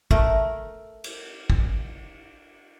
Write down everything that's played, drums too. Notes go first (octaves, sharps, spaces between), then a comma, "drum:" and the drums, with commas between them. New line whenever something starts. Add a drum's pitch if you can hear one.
A3 A#4, drum: kick
drum: cymbal
drum: kick